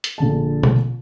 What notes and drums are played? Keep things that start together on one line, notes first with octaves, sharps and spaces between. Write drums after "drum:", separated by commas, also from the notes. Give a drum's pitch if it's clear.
drum: hi-hat
A#1 D3 A5
drum: tom B2